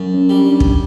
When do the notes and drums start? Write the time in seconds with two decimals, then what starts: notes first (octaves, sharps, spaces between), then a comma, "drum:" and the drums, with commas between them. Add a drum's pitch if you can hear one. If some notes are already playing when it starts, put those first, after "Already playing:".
Already playing: F#2
0.14 C#4
0.29 G3
0.45 D4
0.60 drum: kick